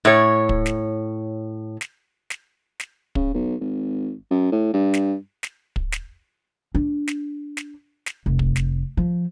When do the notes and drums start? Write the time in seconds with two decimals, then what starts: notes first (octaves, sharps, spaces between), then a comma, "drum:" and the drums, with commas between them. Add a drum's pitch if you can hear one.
0.05 A2 C#5
0.49 drum: kick
0.66 drum: snare
1.81 drum: snare
2.30 drum: snare
2.80 drum: snare
3.15 C#3, drum: kick
3.34 B1
3.60 G#1
4.31 F#2
4.52 A2
4.74 G2
4.94 drum: snare
5.43 drum: snare
5.76 drum: kick
5.92 drum: snare
6.75 D4
7.07 drum: snare
7.57 drum: snare
8.06 drum: snare
8.26 F1
8.39 drum: kick
8.56 drum: snare
8.97 F3